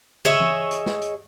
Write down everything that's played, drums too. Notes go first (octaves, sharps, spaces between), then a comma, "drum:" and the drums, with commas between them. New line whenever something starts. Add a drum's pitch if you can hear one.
G#4 C#5 D#5 E5, drum: tom
drum: tom E3
drum: hi-hat
drum: snare
drum: hi-hat